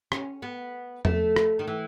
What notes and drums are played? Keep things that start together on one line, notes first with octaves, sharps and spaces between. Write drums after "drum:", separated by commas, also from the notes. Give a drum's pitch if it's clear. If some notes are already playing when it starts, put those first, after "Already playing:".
C#4, drum: rim click
B3
A3, drum: tom
drum: rim click
D#3
E3